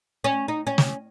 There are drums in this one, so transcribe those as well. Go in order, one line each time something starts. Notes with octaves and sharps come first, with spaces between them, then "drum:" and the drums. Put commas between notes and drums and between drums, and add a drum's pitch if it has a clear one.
C#4
D#4
C#4
drum: snare